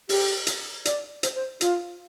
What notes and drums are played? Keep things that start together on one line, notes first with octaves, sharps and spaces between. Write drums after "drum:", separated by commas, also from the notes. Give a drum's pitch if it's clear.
G4, drum: open hi-hat
drum: hi-hat
D5, drum: hi-hat
C5, drum: hi-hat
C5
F4, drum: hi-hat